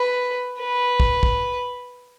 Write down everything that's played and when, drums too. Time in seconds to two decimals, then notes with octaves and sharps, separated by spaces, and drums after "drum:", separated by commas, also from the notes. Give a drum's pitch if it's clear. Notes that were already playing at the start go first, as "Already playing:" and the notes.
Already playing: B4
0.60 B4
1.00 drum: kick
1.23 drum: kick